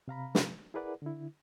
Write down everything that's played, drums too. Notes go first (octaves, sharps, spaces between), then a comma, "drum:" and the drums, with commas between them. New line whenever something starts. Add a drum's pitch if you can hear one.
C3 F5 A#5 B5
drum: snare
E4 G#4 A#4 B4 D5 F#5
D3 E4